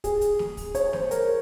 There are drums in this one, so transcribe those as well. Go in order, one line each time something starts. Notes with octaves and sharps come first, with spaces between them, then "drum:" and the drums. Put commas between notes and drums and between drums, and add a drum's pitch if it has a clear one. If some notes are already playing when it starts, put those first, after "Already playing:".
G#4, drum: kick, hi-hat
drum: hi-hat
drum: snare
drum: kick, open hi-hat
C#5, drum: hi-hat
C5, drum: snare
A#4, drum: hi-hat